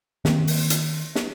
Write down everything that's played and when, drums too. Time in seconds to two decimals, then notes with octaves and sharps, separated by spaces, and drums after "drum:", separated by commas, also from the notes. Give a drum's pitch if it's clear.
0.25 D#3 A#3 C4, drum: snare
0.47 drum: open hi-hat
0.70 drum: hi-hat
1.15 drum: snare